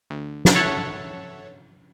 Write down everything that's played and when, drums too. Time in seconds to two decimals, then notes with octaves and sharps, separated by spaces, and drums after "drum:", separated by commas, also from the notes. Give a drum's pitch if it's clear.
0.10 D2
0.45 drum: snare
0.55 A4 C#5 E5 F#5 A5